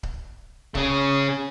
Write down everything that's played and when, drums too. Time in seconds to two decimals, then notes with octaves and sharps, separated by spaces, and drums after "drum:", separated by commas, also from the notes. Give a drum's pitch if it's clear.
0.03 drum: kick C#1
0.75 C#3 G#4, drum: kick C#1